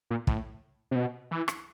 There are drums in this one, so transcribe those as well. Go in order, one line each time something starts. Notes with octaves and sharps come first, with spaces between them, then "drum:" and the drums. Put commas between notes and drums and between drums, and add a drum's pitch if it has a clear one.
A#2
A2, drum: kick
C3
B2
E3
drum: rim click